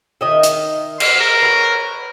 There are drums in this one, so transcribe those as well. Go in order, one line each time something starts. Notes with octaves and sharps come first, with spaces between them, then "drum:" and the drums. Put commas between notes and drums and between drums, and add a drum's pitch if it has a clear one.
D#3 D#5 E5
drum: hi-hat
C6, drum: cymbal
A#4
B4 C#5